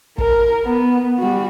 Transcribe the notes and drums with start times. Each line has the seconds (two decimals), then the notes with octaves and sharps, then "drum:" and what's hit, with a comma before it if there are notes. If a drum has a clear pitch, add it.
0.18 A#4, drum: kick
0.64 B3
1.19 G3 F#4